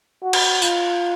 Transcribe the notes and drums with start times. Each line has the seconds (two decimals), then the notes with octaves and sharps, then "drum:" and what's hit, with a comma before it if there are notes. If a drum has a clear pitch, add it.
0.23 F#4
0.33 drum: cymbal
0.62 F4, drum: tambourine